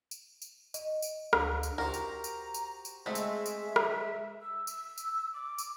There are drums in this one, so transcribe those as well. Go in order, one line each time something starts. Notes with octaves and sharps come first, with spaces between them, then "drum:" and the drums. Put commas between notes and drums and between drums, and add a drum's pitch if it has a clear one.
drum: tambourine
drum: tambourine
D#5, drum: tambourine
drum: tambourine
D2, drum: rim click
drum: tambourine
F#4 G4 A#4 C5 A#5
drum: tambourine
drum: tambourine
drum: tambourine
drum: tambourine
G#3 A3 C4 G#4 E5
drum: tambourine
drum: tambourine
drum: rim click
E6
E6, drum: tambourine
drum: tambourine
D6
drum: tambourine